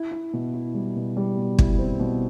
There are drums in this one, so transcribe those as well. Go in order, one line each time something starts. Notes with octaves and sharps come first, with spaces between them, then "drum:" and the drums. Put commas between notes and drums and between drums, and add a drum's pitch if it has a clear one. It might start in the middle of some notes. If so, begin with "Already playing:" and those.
Already playing: E4
E4
B2
E4
G3
B2
G3
B2
E4, drum: kick
C4
B2